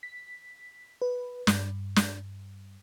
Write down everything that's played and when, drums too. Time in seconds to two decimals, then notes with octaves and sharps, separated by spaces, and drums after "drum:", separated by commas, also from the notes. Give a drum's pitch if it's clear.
0.03 B6
1.02 B4
1.47 G2, drum: snare
1.96 drum: snare